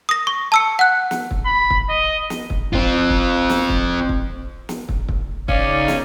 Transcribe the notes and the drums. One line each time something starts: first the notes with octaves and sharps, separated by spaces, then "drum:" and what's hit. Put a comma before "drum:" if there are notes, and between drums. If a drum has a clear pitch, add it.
D#6 A#6
C#6
A5 E6 C#7
F#5 F#6
drum: snare
drum: kick
B5
drum: kick
D#5
drum: snare
drum: kick
C4 F4, drum: kick
drum: kick
drum: snare
drum: kick
drum: kick
drum: snare
drum: kick
drum: kick
C#3 C#4 D#4 D5 F5, drum: kick
drum: snare